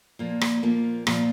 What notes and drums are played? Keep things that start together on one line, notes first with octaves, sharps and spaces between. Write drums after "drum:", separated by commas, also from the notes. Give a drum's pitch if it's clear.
A#2 F3 A#3
drum: rim click
A#2 F3 A#3
A#2 F3 A#3, drum: rim click